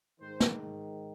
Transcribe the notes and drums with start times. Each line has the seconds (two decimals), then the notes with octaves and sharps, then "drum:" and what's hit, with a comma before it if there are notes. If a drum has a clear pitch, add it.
0.20 G#2 D#3 C5
0.40 drum: snare